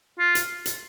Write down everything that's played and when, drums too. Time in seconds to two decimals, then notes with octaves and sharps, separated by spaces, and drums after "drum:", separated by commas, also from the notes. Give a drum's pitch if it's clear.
0.20 F4
0.35 drum: hi-hat
0.66 drum: hi-hat